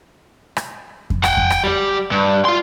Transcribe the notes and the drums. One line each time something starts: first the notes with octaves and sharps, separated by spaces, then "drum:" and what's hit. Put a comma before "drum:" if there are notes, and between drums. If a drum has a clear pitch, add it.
drum: rim click
drum: kick F2
F#5 G5, drum: rim click
drum: kick F2
drum: rim click
G3 G4
G2
F4 C6